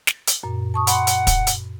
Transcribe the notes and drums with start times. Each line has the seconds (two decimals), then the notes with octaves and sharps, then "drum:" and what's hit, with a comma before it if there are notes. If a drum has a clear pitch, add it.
0.07 drum: snare
0.27 drum: hi-hat
0.43 F#2 A#2
0.74 A5 C#6 D#6
0.87 F#5 B5 C6, drum: hi-hat
1.07 drum: hi-hat
1.27 drum: kick, hi-hat
1.47 drum: hi-hat